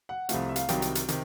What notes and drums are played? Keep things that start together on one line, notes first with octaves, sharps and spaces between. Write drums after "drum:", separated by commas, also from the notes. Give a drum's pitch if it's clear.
F#5
C2 C3 F3 A3 F5, drum: hi-hat
E5
F5, drum: hi-hat
C2 C3 D#3 F#3 G5, drum: hi-hat
drum: hi-hat
drum: hi-hat
C3 D#3, drum: hi-hat